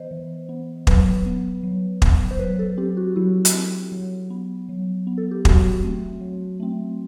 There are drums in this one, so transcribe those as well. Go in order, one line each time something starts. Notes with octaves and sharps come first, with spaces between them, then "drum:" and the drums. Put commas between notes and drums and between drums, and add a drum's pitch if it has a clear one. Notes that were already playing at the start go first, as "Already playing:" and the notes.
Already playing: E3 B3 C5 D#5
E3
B3
F#3 B4, drum: kick
B3
F#3
B3, drum: kick
C5
F#3 B4
A4
C4 G4
F#4
F#3 E4
drum: hi-hat
C4
F#3
B3
F#3
B3
A4
G4
F#3 F#4, drum: kick
A3 C4
F#3
A3 C4